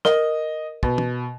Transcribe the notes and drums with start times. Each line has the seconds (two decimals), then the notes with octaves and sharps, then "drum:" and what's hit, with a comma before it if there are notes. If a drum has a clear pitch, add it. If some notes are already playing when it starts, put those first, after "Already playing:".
0.05 A#4 D#5, drum: snare
0.83 B2, drum: kick
0.98 drum: tom